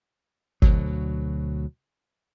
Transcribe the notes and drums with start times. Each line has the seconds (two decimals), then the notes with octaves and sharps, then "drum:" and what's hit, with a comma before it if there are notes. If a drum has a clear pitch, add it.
0.62 D2 B2 F#3, drum: kick G#1